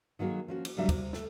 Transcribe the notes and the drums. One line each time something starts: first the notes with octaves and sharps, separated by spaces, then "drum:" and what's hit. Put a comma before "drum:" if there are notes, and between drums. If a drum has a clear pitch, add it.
D#3 F#3 A#3 F#4 G#4
F3 C#4 F#4
drum: cymbal
D#2 C#3 F#3 G3 D4 E5
C3, drum: kick, cymbal
A3, drum: snare